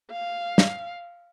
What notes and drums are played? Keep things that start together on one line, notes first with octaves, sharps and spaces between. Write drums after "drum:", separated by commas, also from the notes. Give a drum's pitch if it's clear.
F5
drum: snare